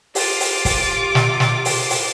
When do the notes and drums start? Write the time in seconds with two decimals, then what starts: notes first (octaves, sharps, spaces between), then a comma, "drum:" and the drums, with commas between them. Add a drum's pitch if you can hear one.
0.15 F4 G4 D6, drum: open hi-hat
0.40 drum: open hi-hat
0.65 drum: kick, open hi-hat
1.15 drum: snare
1.40 drum: snare
1.65 drum: open hi-hat
1.90 drum: open hi-hat